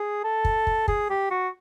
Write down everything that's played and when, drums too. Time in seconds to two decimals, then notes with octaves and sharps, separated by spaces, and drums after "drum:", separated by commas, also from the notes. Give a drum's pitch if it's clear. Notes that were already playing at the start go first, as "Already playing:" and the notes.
Already playing: G#4
0.24 A4
0.45 drum: kick
0.67 drum: kick
0.88 G#4, drum: kick
1.10 G4
1.31 F#4